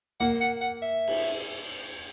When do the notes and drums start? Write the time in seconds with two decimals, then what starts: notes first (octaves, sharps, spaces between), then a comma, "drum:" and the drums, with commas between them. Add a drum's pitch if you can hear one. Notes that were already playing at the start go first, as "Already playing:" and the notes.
0.20 A#3 F#5
0.41 F#5
0.61 F#5
0.82 E5
1.08 drum: cymbal